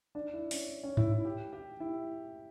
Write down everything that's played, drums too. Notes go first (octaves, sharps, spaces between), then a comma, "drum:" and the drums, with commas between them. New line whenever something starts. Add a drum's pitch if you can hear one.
D4
E4
C#4, drum: open hi-hat
C#4
E4, drum: tom G#2
E4
G4
G4
E4